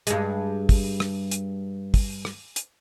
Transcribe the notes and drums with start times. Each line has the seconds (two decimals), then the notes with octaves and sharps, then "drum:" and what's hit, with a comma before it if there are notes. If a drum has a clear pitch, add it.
0.07 G2 G#3, drum: hi-hat
0.69 drum: kick, open hi-hat
1.00 drum: rim click
1.31 drum: hi-hat
1.94 drum: kick, open hi-hat
2.25 drum: rim click
2.56 drum: hi-hat